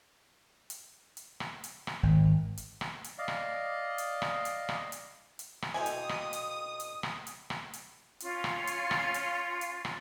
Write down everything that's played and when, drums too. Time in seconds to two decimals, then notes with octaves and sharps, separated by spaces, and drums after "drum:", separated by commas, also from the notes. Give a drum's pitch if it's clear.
0.70 drum: hi-hat
1.17 drum: hi-hat
1.40 drum: rim click
1.64 drum: hi-hat
1.87 drum: rim click
2.03 G#1
2.57 drum: hi-hat
2.81 drum: rim click
3.04 drum: hi-hat
3.18 D5 D#5 F5
3.28 drum: rim click
3.98 drum: hi-hat
4.22 drum: rim click
4.45 drum: hi-hat
4.69 drum: rim click
4.92 drum: hi-hat
5.39 drum: hi-hat
5.62 drum: rim click
5.74 B2 A#3 C4 E4 A4 G#5 D#6
5.86 drum: hi-hat
6.09 drum: rim click
6.33 drum: hi-hat
6.80 drum: hi-hat
7.03 drum: rim click
7.27 drum: hi-hat
7.50 drum: rim click
7.74 drum: hi-hat
8.20 C#4 F4, drum: hi-hat
8.44 drum: rim click
8.67 drum: hi-hat
8.91 drum: rim click
9.14 drum: hi-hat
9.61 drum: hi-hat
9.85 drum: rim click